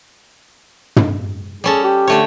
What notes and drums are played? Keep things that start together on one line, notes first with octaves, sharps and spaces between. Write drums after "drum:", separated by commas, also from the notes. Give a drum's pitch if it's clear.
drum: tom
G3 C#4 G#4 A4
G4
D3 A3 C#5